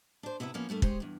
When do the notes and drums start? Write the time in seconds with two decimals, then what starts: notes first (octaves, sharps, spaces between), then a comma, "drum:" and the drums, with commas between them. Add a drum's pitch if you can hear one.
0.23 D4 C5
0.40 C3 B3 E4 D5 E5
0.54 F3 A#3 B3 C#4
0.69 G2 G3 A3 A#4
0.82 G#3 G4 G#4 C5 C#5, drum: kick
1.00 E2 G2